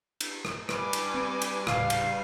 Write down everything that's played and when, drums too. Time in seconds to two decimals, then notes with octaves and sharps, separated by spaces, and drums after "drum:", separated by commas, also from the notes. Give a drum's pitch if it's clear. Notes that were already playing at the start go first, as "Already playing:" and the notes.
0.20 drum: cymbal
0.45 drum: rim click
0.69 G3 B4 G#5 D6, drum: rim click
0.93 drum: cymbal
1.14 C4
1.42 drum: cymbal
1.67 D#1 A2 C#3 F5, drum: rim click
1.90 drum: cymbal